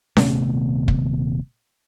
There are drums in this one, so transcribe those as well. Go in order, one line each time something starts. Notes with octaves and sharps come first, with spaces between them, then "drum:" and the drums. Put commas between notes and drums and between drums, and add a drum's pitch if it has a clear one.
D#1 C3 A3 B3, drum: snare C#4
drum: kick